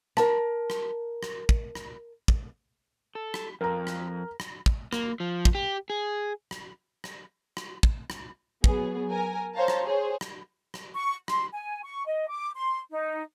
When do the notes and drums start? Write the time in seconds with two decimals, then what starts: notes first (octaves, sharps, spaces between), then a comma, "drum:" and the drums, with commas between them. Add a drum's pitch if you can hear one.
0.17 A#4 A5, drum: rim click
0.70 drum: rim click
1.23 drum: rim click
1.49 drum: kick
1.75 drum: rim click
2.28 drum: kick
3.15 A4
3.34 drum: rim click
3.61 F2 A#4 A#5
3.87 drum: rim click
4.40 drum: rim click
4.66 drum: kick
4.93 A#3, drum: rim click
5.20 F3
5.45 drum: kick
5.55 G4
5.90 G#4
6.51 drum: rim click
7.04 drum: rim click
7.57 drum: rim click
7.83 drum: kick
8.10 drum: rim click
8.64 F#3 B3 G#4, drum: kick
9.11 A#4 G#5
9.54 C5 C#5 F5 A5 A#5
9.68 drum: rim click
9.85 G#4 C5 C#5
10.21 drum: rim click
10.74 drum: rim click
10.94 C#6
11.28 C6, drum: rim click
11.52 G#5
11.84 C#6
12.06 D#5
12.30 D6
12.55 C6
12.90 D#4